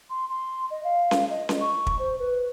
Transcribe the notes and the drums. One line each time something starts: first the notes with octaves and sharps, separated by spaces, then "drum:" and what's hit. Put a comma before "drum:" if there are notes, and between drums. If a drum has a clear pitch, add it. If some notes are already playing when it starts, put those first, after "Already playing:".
C6
C6
D#5
F5
drum: snare C#4
D#5
drum: snare C#4
C#6
drum: kick
C5
B4